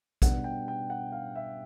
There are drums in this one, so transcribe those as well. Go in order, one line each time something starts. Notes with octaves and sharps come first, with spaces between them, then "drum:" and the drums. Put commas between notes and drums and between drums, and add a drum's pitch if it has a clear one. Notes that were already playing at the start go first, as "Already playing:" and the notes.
B2 G3 B3 D4 F#5, drum: kick A#1, hi-hat
G5
G5
F#5
F5
E5